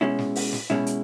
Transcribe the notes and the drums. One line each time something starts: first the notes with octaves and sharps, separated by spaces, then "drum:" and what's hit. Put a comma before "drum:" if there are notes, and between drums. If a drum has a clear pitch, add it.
B2 G#3 C#4 E4
drum: snare
drum: open hi-hat
drum: snare
B2 G#3 C#4 E4, drum: snare
drum: hi-hat